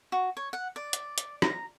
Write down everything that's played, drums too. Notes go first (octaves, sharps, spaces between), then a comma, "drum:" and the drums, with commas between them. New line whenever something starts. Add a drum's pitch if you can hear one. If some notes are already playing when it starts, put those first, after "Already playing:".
F#4
C#5
F#5
D5
drum: hi-hat
drum: hi-hat
A#5, drum: rim click